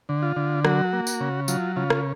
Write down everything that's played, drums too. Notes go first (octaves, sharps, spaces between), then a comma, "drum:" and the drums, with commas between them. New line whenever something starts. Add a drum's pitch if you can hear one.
D3
F4
D3
F#3 F#4, drum: rim click
A#3
drum: tambourine
C#3
F#3 F4, drum: tambourine
C#3 F4
drum: rim click